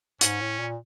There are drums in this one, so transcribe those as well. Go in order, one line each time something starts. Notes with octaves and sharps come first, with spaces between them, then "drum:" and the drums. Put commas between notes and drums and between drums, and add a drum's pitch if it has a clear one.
G#2 C#4, drum: hi-hat
A2
A#2